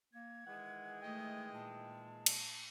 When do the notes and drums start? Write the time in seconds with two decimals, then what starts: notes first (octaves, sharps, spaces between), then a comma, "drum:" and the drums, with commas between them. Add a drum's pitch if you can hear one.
0.14 A#3 G#6
0.47 D#3 E3 G#3 F#5
1.02 A3 D#5 G5
1.54 A#2 A5
2.26 drum: cymbal